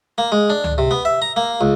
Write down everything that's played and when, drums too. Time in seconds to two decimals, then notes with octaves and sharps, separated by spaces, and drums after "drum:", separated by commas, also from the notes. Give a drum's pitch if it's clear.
0.18 A#3
0.32 G#3
0.50 D4
0.64 drum: tom C#2
0.78 C3
0.91 B3
1.05 E5
1.22 A#5
1.36 A#3
1.61 C#2